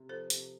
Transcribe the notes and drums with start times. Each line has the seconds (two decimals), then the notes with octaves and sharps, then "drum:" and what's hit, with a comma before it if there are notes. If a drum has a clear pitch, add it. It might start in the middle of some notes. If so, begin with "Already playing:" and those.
Already playing: C3
0.09 F3 A4 C5
0.30 C3, drum: hi-hat